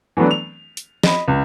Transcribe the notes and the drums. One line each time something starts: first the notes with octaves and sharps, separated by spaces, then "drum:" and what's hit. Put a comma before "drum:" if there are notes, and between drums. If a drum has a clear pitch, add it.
E3 F#3 A3 B3 D4
F7
drum: hi-hat
D#5 B5, drum: snare
C#2